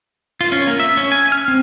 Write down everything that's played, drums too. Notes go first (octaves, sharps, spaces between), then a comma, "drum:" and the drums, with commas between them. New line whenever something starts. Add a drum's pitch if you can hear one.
F4, drum: open hi-hat
C#4
A#3
E5
C#4
G#5
F6
C4